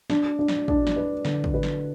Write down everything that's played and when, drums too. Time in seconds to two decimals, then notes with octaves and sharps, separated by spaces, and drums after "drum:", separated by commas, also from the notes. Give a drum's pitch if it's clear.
0.10 D4, drum: snare
0.39 D4
0.48 drum: snare
0.68 D4, drum: kick
0.87 drum: snare
0.96 B4
1.25 D3, drum: snare
1.44 drum: kick
1.54 B4
1.63 drum: snare